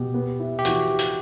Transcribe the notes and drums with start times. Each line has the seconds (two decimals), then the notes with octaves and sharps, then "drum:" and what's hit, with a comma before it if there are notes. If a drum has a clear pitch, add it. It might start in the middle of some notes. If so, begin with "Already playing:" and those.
Already playing: B2 G4
0.14 B3
0.40 E4
0.59 G4
0.65 E3 F#4, drum: hi-hat
0.90 G4
0.99 drum: hi-hat